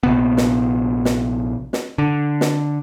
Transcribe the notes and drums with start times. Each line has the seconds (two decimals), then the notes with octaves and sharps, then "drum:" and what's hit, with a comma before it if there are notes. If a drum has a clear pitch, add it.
0.03 A#1 C3 B3
0.37 drum: snare
1.05 drum: snare
1.73 drum: snare
1.98 D3
2.41 drum: snare